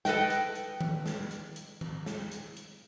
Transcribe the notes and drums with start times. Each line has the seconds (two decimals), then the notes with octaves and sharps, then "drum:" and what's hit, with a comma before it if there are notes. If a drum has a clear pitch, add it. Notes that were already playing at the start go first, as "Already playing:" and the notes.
0.05 A4 B4 D#5 G5, drum: snare
0.30 drum: hi-hat
0.55 drum: hi-hat
0.81 drum: tom D#3
1.06 drum: snare
1.31 drum: hi-hat
1.56 drum: hi-hat
1.81 drum: tom D#3
2.06 drum: snare
2.32 drum: hi-hat
2.57 drum: hi-hat